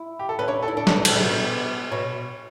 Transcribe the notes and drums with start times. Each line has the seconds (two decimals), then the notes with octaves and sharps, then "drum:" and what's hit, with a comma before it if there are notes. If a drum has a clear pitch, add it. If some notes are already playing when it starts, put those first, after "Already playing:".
Already playing: E4
0.19 G4
0.29 A4
0.39 C#4 B4
0.48 D4 C#5
0.63 A4
0.68 E4
0.77 D4 A4
0.87 C#4, drum: snare
0.96 E3
1.05 D3, drum: cymbal
1.16 C#3
1.24 B2
1.92 B2 C#5